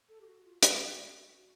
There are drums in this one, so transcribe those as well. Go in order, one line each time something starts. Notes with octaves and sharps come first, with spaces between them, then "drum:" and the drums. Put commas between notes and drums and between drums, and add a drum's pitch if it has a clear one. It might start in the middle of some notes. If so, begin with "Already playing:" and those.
A4
G4
F#4
F4
F#4, drum: hi-hat